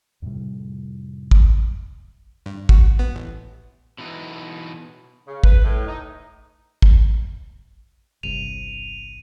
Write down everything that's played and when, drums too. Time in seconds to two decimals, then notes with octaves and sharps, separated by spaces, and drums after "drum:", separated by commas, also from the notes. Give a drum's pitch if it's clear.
0.22 F2 A2 C3 G3
1.31 drum: kick
2.46 G2
2.69 F#4, drum: kick
2.99 B3
3.15 A1
3.98 B2 E3 D#4
5.27 C#3
5.44 B4, drum: kick
5.63 A2
5.87 D#4
6.82 drum: kick
8.23 G1 C2 D#7 F7